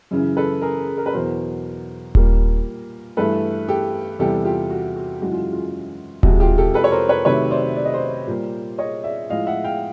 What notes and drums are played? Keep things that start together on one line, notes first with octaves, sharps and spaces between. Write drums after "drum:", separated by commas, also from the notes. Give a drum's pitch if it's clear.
F#2 C#3 E3
A4 B4
G#4 A#4
A#4
B4
E2 B2 F#3 A#4 C5
A#2 G3 A#3, drum: kick D#1
G2 E3 A3 A4 B4
G4 A4
E2 C3 E3 G3 G4 A4
F4 G4
F#4
F#4
F#2 C#3 E3 G#3 F#4
F4
F4
F2 C3 F3 G#3 F#4, drum: kick D#1
F4 G4
G4 A4
A4 B4
C#5
A#4 C5
B4 C#5
C3 D#3 F#3 A3 B4 C#5
C5 D5
D5
D#5
C5 D5
A#2 G3 A#3
C#5 D#5
D5 E5
A2 F3 G#3 D#5 F5
E5 F#5
F5 G5